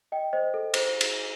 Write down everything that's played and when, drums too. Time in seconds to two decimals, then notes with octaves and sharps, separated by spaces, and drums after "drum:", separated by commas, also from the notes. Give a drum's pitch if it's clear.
0.12 D#5 G5
0.33 C5 D#5
0.54 A4
0.74 C5, drum: cymbal
1.01 drum: cymbal